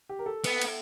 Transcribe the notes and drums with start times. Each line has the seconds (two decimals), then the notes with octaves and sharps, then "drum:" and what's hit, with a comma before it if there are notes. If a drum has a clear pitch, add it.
0.09 G4
0.19 A#4
0.26 A4
0.44 B3, drum: cymbal
0.62 drum: cymbal